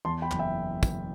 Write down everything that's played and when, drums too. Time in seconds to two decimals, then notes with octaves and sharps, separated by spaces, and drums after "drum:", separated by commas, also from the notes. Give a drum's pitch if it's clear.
0.05 E2 A5 C6
0.22 G5 B5
0.31 F#1, drum: clap
0.39 E5 G5
0.83 drum: kick, tambourine